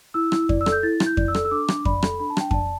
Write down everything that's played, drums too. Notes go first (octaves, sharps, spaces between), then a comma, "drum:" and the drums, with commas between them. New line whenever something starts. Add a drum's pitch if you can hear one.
E4 E6
E4, drum: rim click
D5, drum: kick F2
E6
A4, drum: rim click
G6
E4 A6
E4, drum: rim click
G6
D5, drum: kick F2
E6
A4, drum: rim click
E6
D4 D6
D4, drum: rim click
D5 B5, drum: kick F2
A4, drum: rim click
D4 B5
A5
D4 G5, drum: rim click
D5 A5, drum: kick F2